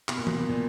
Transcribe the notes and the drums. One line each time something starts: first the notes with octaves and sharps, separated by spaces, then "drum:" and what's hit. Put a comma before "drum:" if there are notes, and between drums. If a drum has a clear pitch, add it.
B2, drum: clap
A#2
B2, drum: tom E3
A#2